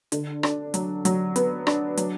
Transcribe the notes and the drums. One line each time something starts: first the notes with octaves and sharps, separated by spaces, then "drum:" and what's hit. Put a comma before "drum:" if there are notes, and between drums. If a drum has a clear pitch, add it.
D3, drum: hi-hat
D4, drum: rim click
F#3, drum: hi-hat
F#3, drum: hi-hat
B3, drum: hi-hat
D4, drum: rim click
F#3, drum: hi-hat